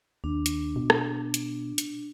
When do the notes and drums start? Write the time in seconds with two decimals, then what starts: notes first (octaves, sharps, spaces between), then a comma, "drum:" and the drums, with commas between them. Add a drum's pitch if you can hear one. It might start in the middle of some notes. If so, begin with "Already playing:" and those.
0.24 D#2 D4
0.46 drum: hi-hat
0.76 B2
0.90 drum: rim click
1.34 drum: hi-hat
1.78 drum: hi-hat